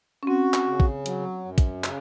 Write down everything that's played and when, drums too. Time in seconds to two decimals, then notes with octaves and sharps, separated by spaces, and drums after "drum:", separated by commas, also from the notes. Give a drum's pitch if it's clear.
0.23 C#4
0.27 C4 F#4
0.54 drum: clap
0.66 C#3
0.80 drum: kick
1.06 F#3, drum: hi-hat
1.45 F#2
1.58 drum: kick, hi-hat
1.84 C#3, drum: clap